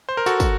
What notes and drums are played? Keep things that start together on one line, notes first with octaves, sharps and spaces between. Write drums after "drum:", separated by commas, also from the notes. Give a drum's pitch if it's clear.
C5
A#4
F#4 A4, drum: tambourine
drum: kick, tambourine